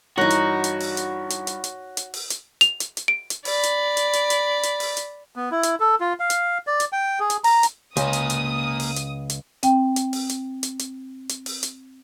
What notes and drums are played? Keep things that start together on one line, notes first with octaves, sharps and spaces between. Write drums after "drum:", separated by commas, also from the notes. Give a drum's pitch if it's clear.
G2 E3 D#4 F#4 A#4 C#5 F#6 A#6
drum: hi-hat
drum: hi-hat
drum: open hi-hat
drum: hi-hat
drum: hi-hat
drum: hi-hat
drum: hi-hat
drum: hi-hat
drum: open hi-hat
drum: hi-hat
F7, drum: hi-hat
drum: hi-hat
drum: hi-hat
D7
drum: hi-hat
D5 B5, drum: open hi-hat
drum: hi-hat
drum: hi-hat
drum: hi-hat
drum: hi-hat
drum: hi-hat
drum: open hi-hat
drum: hi-hat
B3
E4
drum: hi-hat
A4
F4
F5
drum: hi-hat
D5
drum: hi-hat
G5
G#4
drum: hi-hat
A#5, drum: open hi-hat
drum: hi-hat
C#2 A#3 G#5 D#6, drum: hi-hat
drum: hi-hat
drum: hi-hat
drum: open hi-hat
drum: hi-hat
drum: hi-hat
C4 G5, drum: hi-hat
drum: hi-hat
drum: open hi-hat
drum: hi-hat
drum: hi-hat
drum: hi-hat
drum: hi-hat
drum: open hi-hat
drum: hi-hat